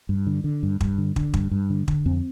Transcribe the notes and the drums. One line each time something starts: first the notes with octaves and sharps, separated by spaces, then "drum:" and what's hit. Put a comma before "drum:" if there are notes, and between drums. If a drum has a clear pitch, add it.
G2
D3
D3
G2
G2, drum: kick
D3
D3, drum: kick
G2, drum: kick
G2
D3
D3, drum: kick
F2 C4